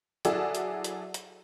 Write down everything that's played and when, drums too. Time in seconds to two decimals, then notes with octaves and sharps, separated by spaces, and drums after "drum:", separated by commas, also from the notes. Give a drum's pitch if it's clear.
0.25 F#3 E4 F#4 G#4 A4 D5, drum: hi-hat
0.55 drum: hi-hat
0.84 drum: hi-hat
1.14 drum: hi-hat